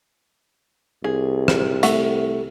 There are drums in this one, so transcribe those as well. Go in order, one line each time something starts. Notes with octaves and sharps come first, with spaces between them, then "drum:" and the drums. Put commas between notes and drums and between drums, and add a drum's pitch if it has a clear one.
C2 G#4
drum: rim click
A3 F#5, drum: hi-hat